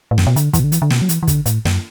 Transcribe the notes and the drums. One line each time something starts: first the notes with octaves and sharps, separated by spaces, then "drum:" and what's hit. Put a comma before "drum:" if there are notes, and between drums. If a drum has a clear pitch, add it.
A2
F#2, drum: snare
B2
D3, drum: hi-hat
E3, drum: kick, hi-hat
B2
D3
E3, drum: hi-hat
D3
B2, drum: snare
F#3
E3, drum: hi-hat
E3
D3, drum: kick, hi-hat
A2, drum: hi-hat
F#2, drum: snare